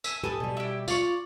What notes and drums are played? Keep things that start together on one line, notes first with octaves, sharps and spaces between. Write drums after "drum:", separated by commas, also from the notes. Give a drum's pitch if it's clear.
E5 G#5, drum: tambourine
G4 A4 B4 G#5 A5 D#6
B2 G3
E4 G4
F4 D5 F5 C#6, drum: tambourine